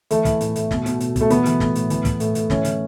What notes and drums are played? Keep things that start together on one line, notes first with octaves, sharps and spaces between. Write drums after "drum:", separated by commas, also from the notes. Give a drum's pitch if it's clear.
E3 A3, drum: hi-hat
E3, drum: kick, hi-hat
A2, drum: hi-hat
A2, drum: hi-hat
B2, drum: snare
B2, drum: hi-hat
B2, drum: hi-hat
B2 A3, drum: kick, hi-hat
E3 B3, drum: hi-hat
E3, drum: hi-hat
A2, drum: snare
A2, drum: hi-hat
E3, drum: hi-hat
E3, drum: kick, hi-hat
A2, drum: hi-hat
A2, drum: hi-hat
E3 C#4, drum: snare
E3, drum: hi-hat